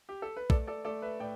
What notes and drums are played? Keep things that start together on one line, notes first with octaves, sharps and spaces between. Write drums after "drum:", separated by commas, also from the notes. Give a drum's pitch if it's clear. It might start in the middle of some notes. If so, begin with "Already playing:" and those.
G4
A4
B4
A3 A4 D5, drum: kick
A4 D5
A3 A4 D5
B4 E5
A2 D5 G5